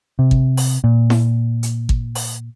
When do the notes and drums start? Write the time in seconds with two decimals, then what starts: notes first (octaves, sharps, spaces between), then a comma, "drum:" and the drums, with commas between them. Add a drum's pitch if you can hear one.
0.19 C3
0.31 drum: kick
0.57 drum: open hi-hat
0.84 A#2
1.10 drum: snare E4
1.63 drum: hi-hat
1.89 drum: kick
2.15 drum: open hi-hat